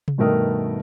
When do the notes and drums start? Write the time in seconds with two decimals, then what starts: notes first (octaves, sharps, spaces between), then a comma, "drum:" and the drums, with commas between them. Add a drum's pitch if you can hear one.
0.08 drum: tom C3
0.18 G2 B2 D#3 A3 A#4 D#6